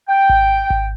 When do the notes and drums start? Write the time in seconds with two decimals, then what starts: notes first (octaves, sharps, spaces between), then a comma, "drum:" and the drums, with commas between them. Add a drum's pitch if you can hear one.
0.09 G5
0.29 drum: kick G#1
0.70 drum: kick G#1